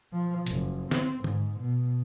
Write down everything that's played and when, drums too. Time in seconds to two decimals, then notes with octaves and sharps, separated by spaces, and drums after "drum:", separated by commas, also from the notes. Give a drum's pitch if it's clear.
0.13 F3
0.46 F#1, drum: hi-hat
0.91 C4, drum: snare
1.24 G#2, drum: tom D3
1.59 B2